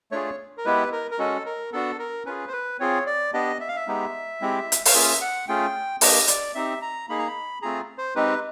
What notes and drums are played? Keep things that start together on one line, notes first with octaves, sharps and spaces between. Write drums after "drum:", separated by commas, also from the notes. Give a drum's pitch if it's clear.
A3 D4 F4 G#4 C#5
A#4
G#3 B3 E4 G4 B4
A#4
A#4
G#3 C#4 F#4 A4
A#4
B3 D4 F#4 A4
A#4
C#4 F4 G#4 B4
C5
B4
C4 F4 G#4 C#5
D5
B3 D4 G4 D#5
E5
F5
E5
G#3 B3 D#4 G4
G#3 C4 E4 G4
drum: hi-hat
F5, drum: open hi-hat
A#3 C#4 F4 G#4 E5
F#5
A3 C#4 F4 G#4 G5
A#3 D4 G4 D#5, drum: open hi-hat
D5, drum: hi-hat
C4 D#4 G4 E5
A#5
A#3 D#4 G#4 B5
A#5
B5
A3 C4 F4 G#4 A#5
C5
G#3 C4 D#4 G4 B4